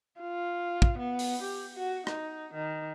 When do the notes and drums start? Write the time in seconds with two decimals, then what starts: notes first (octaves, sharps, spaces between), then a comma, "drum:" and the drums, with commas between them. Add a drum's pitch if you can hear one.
0.21 F4
0.82 drum: kick
0.98 B3
1.19 drum: open hi-hat
1.42 G4
1.75 F#4
2.07 D#4, drum: rim click
2.54 D#3